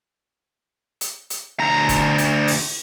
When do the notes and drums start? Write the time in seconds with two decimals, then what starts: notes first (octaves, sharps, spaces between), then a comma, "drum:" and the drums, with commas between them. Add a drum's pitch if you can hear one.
1.01 drum: hi-hat
1.30 drum: hi-hat
1.60 D2 A#5
1.89 drum: kick F1, hi-hat
2.18 drum: hi-hat
2.48 drum: open hi-hat